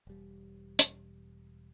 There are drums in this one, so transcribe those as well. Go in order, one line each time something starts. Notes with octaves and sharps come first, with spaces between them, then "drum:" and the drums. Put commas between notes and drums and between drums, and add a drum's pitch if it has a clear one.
E1 G3
drum: hi-hat